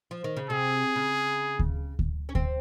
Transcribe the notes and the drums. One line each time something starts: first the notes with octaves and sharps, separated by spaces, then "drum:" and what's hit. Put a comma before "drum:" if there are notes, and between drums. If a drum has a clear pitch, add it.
F3
D#3
C#3
C3 G#4
C#3
drum: kick D2
drum: kick D2
C#4
C4, drum: kick D2